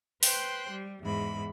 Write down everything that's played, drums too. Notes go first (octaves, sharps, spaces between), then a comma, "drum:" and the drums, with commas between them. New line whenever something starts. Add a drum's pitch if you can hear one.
B4 C5 G5 C6 F#6, drum: open hi-hat
G3
E2 G#2 B5